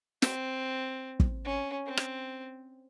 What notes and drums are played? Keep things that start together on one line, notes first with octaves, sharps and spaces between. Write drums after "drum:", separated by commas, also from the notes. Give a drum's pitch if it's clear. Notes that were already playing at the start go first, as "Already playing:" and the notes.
C4, drum: snare
drum: kick
C#4
C4
drum: rim click